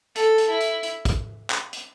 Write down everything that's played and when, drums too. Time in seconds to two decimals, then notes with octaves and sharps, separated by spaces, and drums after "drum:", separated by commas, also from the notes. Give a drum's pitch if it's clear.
0.15 A4, drum: hi-hat
0.38 drum: hi-hat
0.49 E4
0.60 drum: hi-hat
0.83 drum: hi-hat
1.05 drum: kick, hi-hat
1.50 drum: clap
1.73 drum: hi-hat